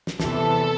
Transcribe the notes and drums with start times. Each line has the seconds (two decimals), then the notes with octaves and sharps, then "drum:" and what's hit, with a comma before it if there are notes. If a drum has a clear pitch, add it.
0.07 drum: snare
0.20 E2 C3 E3 A4, drum: snare